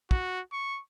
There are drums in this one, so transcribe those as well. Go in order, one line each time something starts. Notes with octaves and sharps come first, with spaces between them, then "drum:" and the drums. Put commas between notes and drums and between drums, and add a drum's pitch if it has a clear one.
F#4, drum: kick
C#6